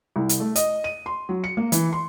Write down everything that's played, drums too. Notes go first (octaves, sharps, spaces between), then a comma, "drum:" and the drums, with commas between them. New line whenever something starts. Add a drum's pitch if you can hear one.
C2
drum: hi-hat
A3
D#5, drum: hi-hat
D#7
C6
F#3
C#7
A#3
E3, drum: hi-hat
C6